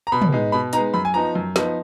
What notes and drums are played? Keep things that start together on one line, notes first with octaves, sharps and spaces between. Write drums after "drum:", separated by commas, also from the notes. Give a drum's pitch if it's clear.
A#5
B2 B5
drum: tom
G#3 B3 D#4
B2 B5
G#3 B3 D#4 A#5, drum: hi-hat
F#2 B5
G#5
F3 B3 D#4 A#5
F#2
F3 B3 D#4, drum: snare